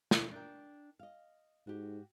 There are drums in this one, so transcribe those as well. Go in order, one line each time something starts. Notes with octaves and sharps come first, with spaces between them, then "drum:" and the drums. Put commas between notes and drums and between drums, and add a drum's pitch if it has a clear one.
F3 D4 A4, drum: snare
D4 A#4 G5
D#5 F5
G#2 F#4 G4